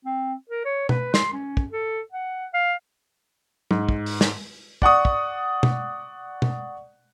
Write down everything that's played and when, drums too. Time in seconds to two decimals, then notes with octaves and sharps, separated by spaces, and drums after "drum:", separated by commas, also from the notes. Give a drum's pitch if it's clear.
0.05 C4
0.50 A#4
0.65 C#5
0.89 B4, drum: tom
1.14 C6, drum: snare
1.33 C#4
1.57 drum: kick
1.71 A4
2.13 F#5
2.54 F5
3.71 G#2, drum: tom
3.89 drum: kick
4.06 drum: open hi-hat
4.21 drum: snare
4.82 D5 F#5 C#6 D#6, drum: kick
5.05 drum: kick
5.63 drum: tom
6.42 drum: tom